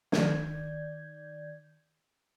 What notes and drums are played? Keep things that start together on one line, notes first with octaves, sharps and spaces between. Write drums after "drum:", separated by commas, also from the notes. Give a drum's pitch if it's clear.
D#3 D5 G6 G#6, drum: snare